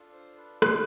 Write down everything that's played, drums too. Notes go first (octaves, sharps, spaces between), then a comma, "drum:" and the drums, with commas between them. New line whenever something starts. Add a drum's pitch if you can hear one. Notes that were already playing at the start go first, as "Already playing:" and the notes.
Already playing: D4 F4 A4
C5
B4
A#4, drum: rim click